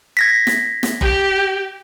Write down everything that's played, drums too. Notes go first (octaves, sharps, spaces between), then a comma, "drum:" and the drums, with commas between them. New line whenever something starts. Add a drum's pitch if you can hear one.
G#6 A#6 B6
drum: snare
drum: snare
G4, drum: kick F#1